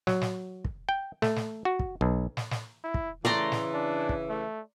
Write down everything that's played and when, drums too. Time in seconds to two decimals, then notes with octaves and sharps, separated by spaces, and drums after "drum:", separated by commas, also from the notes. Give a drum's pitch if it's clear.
0.07 F#3, drum: snare
0.21 drum: snare
0.65 drum: kick
0.89 G5
1.22 A3, drum: snare
1.36 drum: snare
1.65 F#4
1.79 drum: kick
2.01 B1
2.37 drum: snare
2.51 drum: snare
2.84 E4
2.94 drum: kick
3.25 C#3 E3 A3 D5 A#5 C6, drum: snare
3.52 drum: snare
3.74 D4
4.09 drum: kick
4.29 A3